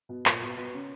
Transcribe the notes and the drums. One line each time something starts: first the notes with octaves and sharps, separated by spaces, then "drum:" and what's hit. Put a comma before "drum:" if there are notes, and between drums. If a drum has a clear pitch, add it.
B2 B3
A#2 A#3, drum: clap
B2 B3
B2 B3
C#3 C#4